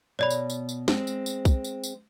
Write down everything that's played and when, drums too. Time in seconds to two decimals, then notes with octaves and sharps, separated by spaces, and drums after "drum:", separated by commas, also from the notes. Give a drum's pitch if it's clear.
0.19 B2 C#5 D5 B5
0.30 drum: tambourine
0.50 drum: tambourine
0.69 drum: tambourine
0.88 G#3 C4, drum: snare
1.07 drum: tambourine
1.26 drum: tambourine
1.45 drum: kick B1, tambourine
1.64 drum: tambourine
1.84 drum: tambourine